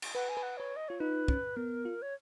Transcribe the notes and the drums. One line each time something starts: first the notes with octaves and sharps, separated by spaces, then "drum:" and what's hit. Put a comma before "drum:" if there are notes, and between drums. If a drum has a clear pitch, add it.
drum: cymbal
B4 F#5
G#5
B4
F#5
B4 C#5
D#5
F4 C#5
D#4 B4
C#4, drum: kick
B3 A#4
F4
C#5